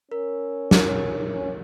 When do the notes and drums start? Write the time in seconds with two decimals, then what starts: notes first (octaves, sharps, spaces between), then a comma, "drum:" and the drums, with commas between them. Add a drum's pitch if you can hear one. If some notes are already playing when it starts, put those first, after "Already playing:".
0.12 C#4 A#4
0.71 A#4, drum: snare
1.31 C#4